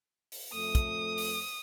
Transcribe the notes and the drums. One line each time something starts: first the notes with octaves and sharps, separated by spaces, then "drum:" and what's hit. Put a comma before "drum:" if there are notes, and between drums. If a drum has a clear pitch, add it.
drum: open hi-hat
F2 A3 D#6
drum: kick, hi-hat
drum: open hi-hat